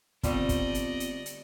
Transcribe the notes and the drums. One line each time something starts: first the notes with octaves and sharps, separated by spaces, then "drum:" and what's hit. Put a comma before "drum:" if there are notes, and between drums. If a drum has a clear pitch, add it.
D3 G3 A3 B3 C4 F4 D5 D#5, drum: kick, hi-hat
drum: kick, hi-hat
drum: hi-hat
drum: hi-hat
drum: hi-hat